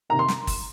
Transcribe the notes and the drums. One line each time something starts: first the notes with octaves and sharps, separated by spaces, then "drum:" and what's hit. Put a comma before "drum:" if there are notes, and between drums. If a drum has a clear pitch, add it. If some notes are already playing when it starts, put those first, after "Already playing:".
C3 D#3 A#3 A#5
C6
drum: snare
drum: kick, open hi-hat